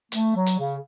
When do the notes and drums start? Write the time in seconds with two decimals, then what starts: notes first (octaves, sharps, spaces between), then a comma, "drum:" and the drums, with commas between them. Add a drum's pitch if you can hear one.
0.12 A3, drum: hi-hat
0.35 F#3
0.46 drum: hi-hat
0.58 C#3